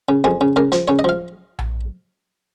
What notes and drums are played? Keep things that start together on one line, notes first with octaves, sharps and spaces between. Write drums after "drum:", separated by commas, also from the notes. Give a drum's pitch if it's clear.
C#3
F2 G#4
C#3
C#3 A#4
F3, drum: hi-hat
C#3 C#5
D#5
F3 F5
drum: tom A#1